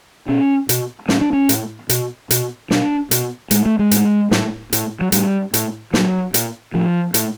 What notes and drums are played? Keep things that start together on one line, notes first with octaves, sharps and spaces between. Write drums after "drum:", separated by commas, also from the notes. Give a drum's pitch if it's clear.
B2 C#4
B2, drum: hi-hat
A2 C#4, drum: snare
D4
C#4
A2, drum: hi-hat
B2, drum: hi-hat
B2, drum: hi-hat
B2 D4, drum: snare
B2, drum: hi-hat
A2 G#3, drum: hi-hat
A3
G#3
A2, drum: hi-hat
A2, drum: snare
A2, drum: hi-hat
F#3
A2 G3, drum: hi-hat
A2, drum: hi-hat
A#2 F#3, drum: snare
A#2, drum: hi-hat
A2 F3
A2, drum: hi-hat